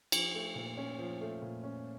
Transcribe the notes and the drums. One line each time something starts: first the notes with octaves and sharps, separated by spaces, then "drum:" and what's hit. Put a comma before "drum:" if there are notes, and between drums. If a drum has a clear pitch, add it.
F3, drum: cymbal
A3
A#2
C#4
F3
A3
A#2
C#4